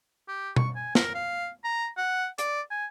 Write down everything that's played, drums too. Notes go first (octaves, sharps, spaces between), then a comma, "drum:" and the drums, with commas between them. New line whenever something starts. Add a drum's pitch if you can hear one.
G4
C#6, drum: tom B2
G#5
A#4, drum: snare
F5
A#5
F#5
D5, drum: hi-hat
G#5